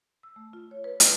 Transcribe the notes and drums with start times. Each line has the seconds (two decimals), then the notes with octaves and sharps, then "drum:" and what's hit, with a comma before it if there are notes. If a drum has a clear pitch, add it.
0.23 E6
0.36 A3
0.53 F4
0.71 C#5
0.84 B4
1.00 A3, drum: hi-hat